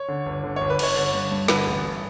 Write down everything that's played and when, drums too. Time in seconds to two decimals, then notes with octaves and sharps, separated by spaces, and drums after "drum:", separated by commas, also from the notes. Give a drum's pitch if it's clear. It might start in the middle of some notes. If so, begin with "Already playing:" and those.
Already playing: C#5
0.08 D3
0.26 G1
0.43 D3
0.56 G1 C#5
0.70 B4
0.79 G1 C#5, drum: cymbal
0.96 D3
1.13 G2
1.31 G2
1.48 D3 B4, drum: snare
1.66 A1
1.84 G2